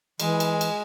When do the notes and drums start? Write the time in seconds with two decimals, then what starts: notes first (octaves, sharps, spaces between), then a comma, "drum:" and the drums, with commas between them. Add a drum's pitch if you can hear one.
0.20 E3 G#3, drum: cymbal
0.40 drum: cymbal
0.61 drum: cymbal